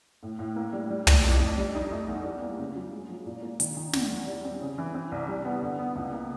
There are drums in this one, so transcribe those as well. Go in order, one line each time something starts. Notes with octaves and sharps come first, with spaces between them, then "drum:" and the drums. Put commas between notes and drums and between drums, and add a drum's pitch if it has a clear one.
A2
A2
A#3
G3
G3
A2, drum: tom
F2
F2
G3
D#4
A3
E2
G3
A#3
C#3
F#3
G#3
F3
A#2
A#3
D#3, drum: hi-hat
D#3
E2, drum: snare
E2
G3
C4
C#3
E3
C4
C2
G3
B3
D3
B3
C#2
A#3